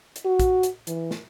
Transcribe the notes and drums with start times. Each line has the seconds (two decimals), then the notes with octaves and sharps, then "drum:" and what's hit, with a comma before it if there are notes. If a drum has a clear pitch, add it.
0.16 drum: hi-hat
0.25 F#4
0.39 drum: kick, hi-hat
0.63 drum: hi-hat
0.87 E3, drum: hi-hat
1.11 drum: snare